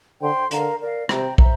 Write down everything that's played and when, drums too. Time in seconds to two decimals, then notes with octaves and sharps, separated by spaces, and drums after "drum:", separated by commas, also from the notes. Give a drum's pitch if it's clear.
0.22 D3 C5 G5 C6
0.51 D3 A#4 F5 A#5, drum: hi-hat
0.80 A#4 D5 F5
1.09 C3 C5 G5 A#5, drum: rim click
1.38 C5 E5 A#5, drum: kick